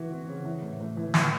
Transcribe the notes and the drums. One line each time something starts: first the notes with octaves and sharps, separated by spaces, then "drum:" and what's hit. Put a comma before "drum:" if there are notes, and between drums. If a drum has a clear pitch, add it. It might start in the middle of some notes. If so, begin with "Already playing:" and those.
Already playing: E3 F#4
C4
C#3
E3
A2
A2
E3
A2, drum: snare